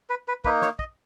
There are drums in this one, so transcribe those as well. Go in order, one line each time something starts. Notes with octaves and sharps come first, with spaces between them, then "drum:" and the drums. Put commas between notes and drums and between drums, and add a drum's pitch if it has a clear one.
B4
B4
A#3 D#4 B4, drum: kick
C#5, drum: snare
D#5, drum: kick